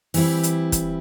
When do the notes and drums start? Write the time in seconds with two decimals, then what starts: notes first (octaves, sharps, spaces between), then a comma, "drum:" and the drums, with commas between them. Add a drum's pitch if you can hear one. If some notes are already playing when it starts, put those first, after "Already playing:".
0.14 E3 G3 C4 E4, drum: open hi-hat
0.43 drum: hi-hat
0.72 drum: kick, hi-hat